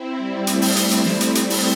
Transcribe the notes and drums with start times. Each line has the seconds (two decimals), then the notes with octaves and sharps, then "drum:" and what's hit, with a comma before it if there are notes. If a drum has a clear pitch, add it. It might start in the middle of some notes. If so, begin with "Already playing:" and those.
Already playing: C4 E4
0.17 G3
0.47 A3, drum: hi-hat
0.62 drum: open hi-hat
0.76 drum: hi-hat
0.91 drum: hi-hat
1.06 drum: snare
1.21 drum: hi-hat
1.35 drum: hi-hat
1.50 drum: open hi-hat